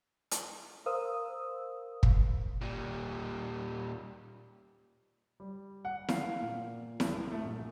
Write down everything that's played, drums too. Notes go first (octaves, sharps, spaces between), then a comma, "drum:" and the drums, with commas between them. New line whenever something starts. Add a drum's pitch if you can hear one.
drum: hi-hat
A#4 C5 F5 D#6 E6
drum: kick
A#2 G3
G3
F#5
F5, drum: snare E4
A#2
C2, drum: snare E4
A3
A#1